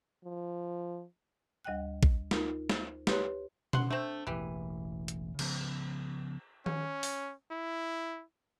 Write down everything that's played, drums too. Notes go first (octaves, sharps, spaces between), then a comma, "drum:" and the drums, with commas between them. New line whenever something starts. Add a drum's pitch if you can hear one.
F3
D2 G3 D#5 F#5 G5 F#6
drum: kick A#1
D#4 F4 A#4, drum: snare
C5, drum: snare
G4 B4 C#5 C6 F#6, drum: snare
F#5 C6, drum: tom B2
A3 C4 D4
E1 A1 E3 G4
drum: hi-hat
C#3 F3 B3, drum: cymbal
C#4, drum: tom D#3
drum: open hi-hat
E4